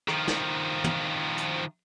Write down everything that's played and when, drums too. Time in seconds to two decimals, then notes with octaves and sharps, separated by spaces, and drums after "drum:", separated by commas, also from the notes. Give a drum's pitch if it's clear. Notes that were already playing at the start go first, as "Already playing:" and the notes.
0.08 D#3 F3, drum: rim click
0.28 drum: snare
0.84 drum: tom
1.37 drum: hi-hat